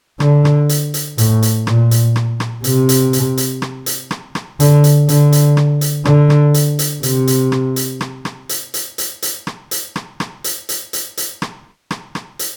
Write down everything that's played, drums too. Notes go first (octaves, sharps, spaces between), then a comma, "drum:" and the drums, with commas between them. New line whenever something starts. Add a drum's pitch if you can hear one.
D3, drum: rim click
drum: rim click
drum: hi-hat
drum: hi-hat
A2, drum: hi-hat
drum: hi-hat
A#2, drum: rim click
drum: hi-hat
drum: rim click
drum: rim click
C3, drum: hi-hat
drum: hi-hat
drum: hi-hat
drum: hi-hat
drum: rim click
drum: hi-hat
drum: rim click
drum: rim click
D3, drum: hi-hat
drum: hi-hat
D3, drum: hi-hat
drum: hi-hat
drum: rim click
drum: hi-hat
D3, drum: rim click
drum: rim click
drum: hi-hat
drum: hi-hat
C3, drum: hi-hat
drum: hi-hat
drum: rim click
drum: hi-hat
drum: rim click
drum: rim click
drum: hi-hat
drum: hi-hat
drum: hi-hat
drum: hi-hat
drum: rim click
drum: hi-hat
drum: rim click
drum: rim click
drum: hi-hat
drum: hi-hat
drum: hi-hat
drum: hi-hat
drum: rim click
drum: rim click
drum: rim click
drum: hi-hat